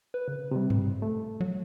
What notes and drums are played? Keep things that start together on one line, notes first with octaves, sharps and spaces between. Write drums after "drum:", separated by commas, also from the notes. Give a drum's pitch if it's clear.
B4
C#3
C3 G3
drum: tom G2
A3
F#3